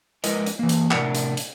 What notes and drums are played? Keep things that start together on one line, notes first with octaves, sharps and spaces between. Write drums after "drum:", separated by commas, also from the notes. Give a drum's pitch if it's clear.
G#3 E4 A#4 B4 D#5, drum: hi-hat
drum: hi-hat
E3 A#3
drum: hi-hat
A2 C3 D4 A#4 E5 F#5, drum: clap
drum: hi-hat
drum: hi-hat